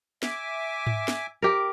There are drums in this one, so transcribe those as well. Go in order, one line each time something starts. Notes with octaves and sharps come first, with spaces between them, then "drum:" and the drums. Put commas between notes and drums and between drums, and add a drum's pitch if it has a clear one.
E5 G#5 D6, drum: snare
drum: tom G#2
drum: snare
G4 A#4